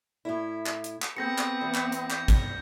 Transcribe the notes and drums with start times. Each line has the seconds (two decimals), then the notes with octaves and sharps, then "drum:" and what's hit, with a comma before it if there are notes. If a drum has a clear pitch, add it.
0.25 A2 E4
0.66 drum: clap
0.84 drum: hi-hat
1.02 drum: clap
1.17 B3 C4 G#4 G6 A#6 C#7
1.38 drum: clap
1.61 E2
1.74 drum: clap
1.92 drum: hi-hat
2.10 G6, drum: clap
2.28 drum: kick, hi-hat